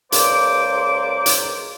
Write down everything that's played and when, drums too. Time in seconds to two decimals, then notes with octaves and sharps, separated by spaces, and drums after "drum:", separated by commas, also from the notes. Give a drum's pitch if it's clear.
0.12 C#2 A#3 C5 D5 D6, drum: hi-hat
1.26 drum: hi-hat